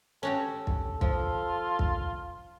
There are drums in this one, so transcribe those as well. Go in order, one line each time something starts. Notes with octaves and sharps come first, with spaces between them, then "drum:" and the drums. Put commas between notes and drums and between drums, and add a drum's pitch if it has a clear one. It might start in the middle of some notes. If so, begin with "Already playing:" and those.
C#4 F#4 G4 A4
drum: kick
F3 F4, drum: kick
drum: kick